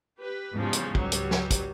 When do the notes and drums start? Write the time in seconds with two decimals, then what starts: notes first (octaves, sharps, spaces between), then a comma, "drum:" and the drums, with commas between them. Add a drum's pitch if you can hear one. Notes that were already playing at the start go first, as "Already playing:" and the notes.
0.20 G4 B4
0.53 E2 G#2 C#3 F3 G3
0.73 drum: hi-hat
0.95 C#2 F#3 G3, drum: kick
1.12 drum: hi-hat
1.31 drum: snare
1.51 drum: kick, hi-hat